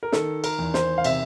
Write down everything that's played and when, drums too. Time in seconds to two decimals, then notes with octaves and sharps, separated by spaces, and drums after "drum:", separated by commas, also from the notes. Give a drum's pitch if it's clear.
0.03 A#4
0.12 D#3 A4, drum: snare
0.44 A#4, drum: cymbal
0.59 E2
0.74 C5, drum: snare
0.98 F5
1.04 C3 E5, drum: cymbal